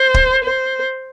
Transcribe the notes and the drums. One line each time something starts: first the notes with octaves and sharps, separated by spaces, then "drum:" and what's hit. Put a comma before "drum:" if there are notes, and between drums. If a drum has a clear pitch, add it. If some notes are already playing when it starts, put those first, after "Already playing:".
Already playing: C5
drum: kick
C5